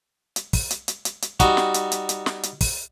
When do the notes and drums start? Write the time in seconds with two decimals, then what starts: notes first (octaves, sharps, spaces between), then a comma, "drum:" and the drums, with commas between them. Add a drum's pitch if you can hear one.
0.36 drum: hi-hat
0.53 drum: kick, open hi-hat
0.71 drum: hi-hat
0.88 drum: hi-hat
1.05 drum: hi-hat
1.22 drum: hi-hat
1.40 G3 D#4 F#4, drum: kick, hi-hat
1.57 drum: snare
1.74 drum: hi-hat
1.92 drum: hi-hat
2.09 drum: hi-hat
2.26 drum: snare
2.43 drum: hi-hat
2.61 drum: kick, open hi-hat